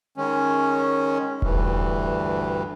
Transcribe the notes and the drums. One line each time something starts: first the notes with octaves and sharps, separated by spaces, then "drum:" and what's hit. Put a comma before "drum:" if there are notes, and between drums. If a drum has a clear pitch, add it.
D#3 G#3 C#4
D2 G2 E3, drum: kick E1